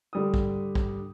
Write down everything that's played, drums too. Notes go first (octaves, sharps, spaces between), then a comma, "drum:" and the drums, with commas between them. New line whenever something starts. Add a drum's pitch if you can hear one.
D3 G3 D#6
drum: kick
drum: kick